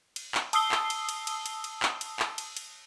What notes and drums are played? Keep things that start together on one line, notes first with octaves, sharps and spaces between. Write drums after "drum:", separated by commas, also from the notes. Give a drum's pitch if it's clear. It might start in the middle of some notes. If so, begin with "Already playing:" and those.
drum: cymbal
drum: clap
A5 D#6 E6 C7 G7, drum: cymbal
drum: clap
drum: cymbal
drum: cymbal
drum: cymbal
drum: cymbal
drum: cymbal
drum: clap
drum: cymbal
drum: clap
drum: cymbal
drum: cymbal